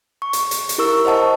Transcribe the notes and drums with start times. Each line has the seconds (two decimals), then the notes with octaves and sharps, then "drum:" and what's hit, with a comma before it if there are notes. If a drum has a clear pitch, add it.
0.22 C#6
0.33 drum: hi-hat
0.51 drum: hi-hat
0.69 drum: hi-hat
0.78 E4 G4 A#4 C#6 E6
1.05 C5 D#5 F#5 A5 C#6